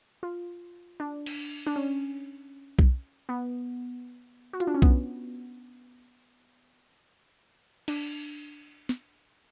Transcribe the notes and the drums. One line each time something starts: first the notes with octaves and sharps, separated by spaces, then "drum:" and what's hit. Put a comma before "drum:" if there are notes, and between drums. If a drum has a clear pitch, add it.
F4
D4
drum: cymbal
D4
C#4
drum: kick B1
B3
F#4
F4, drum: hi-hat
D4
C#4
B3, drum: kick B1
D4, drum: cymbal
drum: snare